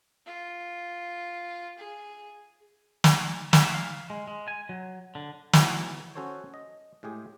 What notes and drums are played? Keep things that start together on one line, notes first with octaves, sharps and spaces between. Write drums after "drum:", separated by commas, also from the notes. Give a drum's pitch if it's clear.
F4
G#4
drum: snare
E5, drum: snare
F5
G#3
G#3
G#5
F#3
D3
F#3 B3 E4 G#4, drum: snare
C#4 F#4 A4 C5 C#5
D#5
A2 G#3 G4 G#4